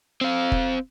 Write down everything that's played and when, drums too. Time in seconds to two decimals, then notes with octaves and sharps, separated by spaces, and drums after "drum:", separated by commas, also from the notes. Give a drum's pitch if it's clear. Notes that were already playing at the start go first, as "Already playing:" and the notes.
0.21 C4 F5
0.52 drum: kick